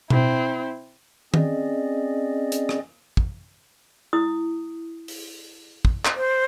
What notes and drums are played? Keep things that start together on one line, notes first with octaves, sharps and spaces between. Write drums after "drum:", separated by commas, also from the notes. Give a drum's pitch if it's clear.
C4 E4, drum: tom B2
C4 C#4 G#4 D5 D#5, drum: tom D#3
drum: hi-hat
drum: rim click
drum: kick
E4 D#6
drum: open hi-hat
drum: kick
drum: clap
C5